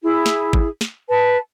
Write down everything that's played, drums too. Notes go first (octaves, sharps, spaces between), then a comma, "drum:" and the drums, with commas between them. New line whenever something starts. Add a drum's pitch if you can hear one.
E4 G#4
drum: snare
drum: kick G#1
drum: snare
B4 A5